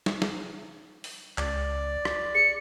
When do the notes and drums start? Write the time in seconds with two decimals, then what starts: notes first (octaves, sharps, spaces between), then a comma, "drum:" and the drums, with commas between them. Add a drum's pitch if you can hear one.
0.06 drum: snare
0.22 drum: snare
1.04 drum: open hi-hat
1.38 C#2 D5, drum: clap
2.05 drum: rim click
2.35 G#4 C#7